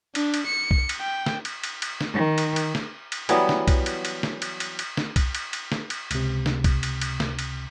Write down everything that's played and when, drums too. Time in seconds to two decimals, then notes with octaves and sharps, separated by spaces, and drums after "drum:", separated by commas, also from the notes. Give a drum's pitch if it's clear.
0.15 D4, drum: cymbal
0.34 drum: cymbal
0.47 C#7
0.71 drum: kick B1
0.89 drum: cymbal
1.00 G5
1.26 drum: snare
1.45 drum: cymbal
1.64 drum: cymbal
1.82 drum: cymbal
2.01 drum: snare
2.14 D#3
2.38 drum: cymbal
2.56 drum: cymbal
2.75 drum: snare
3.12 drum: cymbal
3.29 E3 F#3 G3 B3, drum: cymbal
3.49 drum: snare
3.68 drum: kick B1, cymbal
3.86 drum: cymbal
4.05 drum: cymbal
4.23 drum: snare
4.42 drum: cymbal
4.60 drum: cymbal
4.79 drum: cymbal
4.97 drum: snare
5.16 drum: kick B1, cymbal
5.35 drum: cymbal
5.53 drum: cymbal
5.72 drum: snare
5.90 drum: cymbal
6.11 C#2 C3, drum: cymbal
6.46 drum: snare
6.64 drum: kick B1, cymbal
6.83 drum: cymbal
7.01 drum: cymbal
7.20 drum: snare
7.39 drum: cymbal